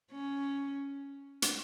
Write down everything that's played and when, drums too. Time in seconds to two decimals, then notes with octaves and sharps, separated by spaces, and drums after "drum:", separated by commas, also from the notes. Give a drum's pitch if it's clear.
0.12 C#4
1.42 drum: hi-hat